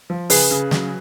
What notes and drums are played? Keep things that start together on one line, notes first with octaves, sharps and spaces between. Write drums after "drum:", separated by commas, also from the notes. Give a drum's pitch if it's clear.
F3
C#3 G#4 B4, drum: open hi-hat
C#3
F#3, drum: snare